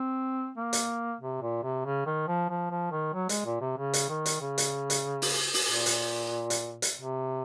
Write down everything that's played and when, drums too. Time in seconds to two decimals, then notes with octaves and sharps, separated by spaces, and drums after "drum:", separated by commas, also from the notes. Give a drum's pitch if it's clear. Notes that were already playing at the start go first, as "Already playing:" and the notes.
Already playing: C4
0.57 A#3
0.73 drum: hi-hat
1.21 C3
1.42 A#2
1.63 C3
1.85 C#3
2.06 D#3
2.28 F3
2.49 F3
2.71 F3
2.92 D#3
3.14 F#3
3.29 G#3, drum: hi-hat
3.45 A#2
3.61 C3
3.78 C#3
3.93 drum: hi-hat
4.09 D#3
4.26 drum: hi-hat
4.41 C#3
4.58 drum: hi-hat
4.90 drum: hi-hat
5.22 drum: open hi-hat
5.54 drum: open hi-hat
5.69 A#2
5.86 drum: hi-hat
6.50 drum: hi-hat
6.82 drum: hi-hat
6.99 C3